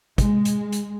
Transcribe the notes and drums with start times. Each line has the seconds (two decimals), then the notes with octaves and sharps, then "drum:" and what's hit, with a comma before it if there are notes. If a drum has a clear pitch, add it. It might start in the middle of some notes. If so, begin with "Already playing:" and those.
0.18 G#3, drum: kick, hi-hat
0.45 drum: hi-hat
0.72 drum: hi-hat